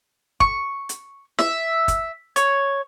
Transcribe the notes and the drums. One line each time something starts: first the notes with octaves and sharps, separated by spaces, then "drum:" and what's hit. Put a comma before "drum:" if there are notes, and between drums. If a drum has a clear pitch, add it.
C#6, drum: kick
drum: hi-hat
E5, drum: snare
drum: kick, hi-hat
C#5, drum: hi-hat